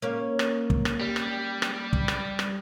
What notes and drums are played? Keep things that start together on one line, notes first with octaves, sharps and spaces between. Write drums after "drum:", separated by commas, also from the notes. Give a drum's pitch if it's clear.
A#3 C#4 F5
drum: rim click
drum: kick
drum: rim click
G3
drum: rim click
drum: rim click
drum: kick
drum: rim click
drum: rim click